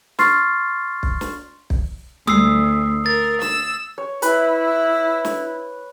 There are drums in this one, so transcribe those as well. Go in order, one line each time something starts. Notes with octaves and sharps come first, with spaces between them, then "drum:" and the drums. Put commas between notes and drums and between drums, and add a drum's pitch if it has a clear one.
C6 C#6 F6 A6 C7, drum: snare
drum: kick
drum: snare
drum: kick
D2 D#6 E6 C7, drum: tom G3
A#4 A6
E6, drum: snare
C#5
E4 B4 B5, drum: hi-hat
drum: snare